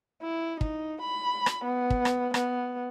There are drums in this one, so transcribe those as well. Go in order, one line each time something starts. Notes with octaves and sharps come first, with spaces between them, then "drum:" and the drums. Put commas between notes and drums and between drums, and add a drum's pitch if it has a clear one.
E4
D#4, drum: kick
B5
drum: rim click
B3
drum: kick
drum: rim click
B3, drum: rim click